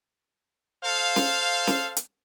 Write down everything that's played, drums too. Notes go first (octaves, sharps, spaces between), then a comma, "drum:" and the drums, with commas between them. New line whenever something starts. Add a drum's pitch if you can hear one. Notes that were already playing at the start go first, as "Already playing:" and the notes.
A4 C5 F5
drum: snare
drum: snare
drum: hi-hat